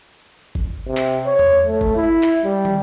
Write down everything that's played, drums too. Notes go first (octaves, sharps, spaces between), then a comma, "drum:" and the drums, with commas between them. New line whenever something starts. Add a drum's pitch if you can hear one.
drum: kick G1
C3
drum: clap
C#5
drum: tom E2
A3
drum: kick G1
E4
drum: clap
G3
drum: tom